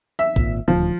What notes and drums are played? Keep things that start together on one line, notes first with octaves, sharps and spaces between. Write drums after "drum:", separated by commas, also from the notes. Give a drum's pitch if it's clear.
E5
G#1 A#2, drum: kick
D#1 D2 F3